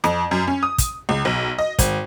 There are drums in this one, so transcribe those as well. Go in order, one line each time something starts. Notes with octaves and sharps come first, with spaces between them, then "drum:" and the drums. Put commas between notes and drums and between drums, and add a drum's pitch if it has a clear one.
F2, drum: rim click
F#2
C#4
D#6
drum: kick, hi-hat
C#2
B1
D#5
G#1, drum: kick, hi-hat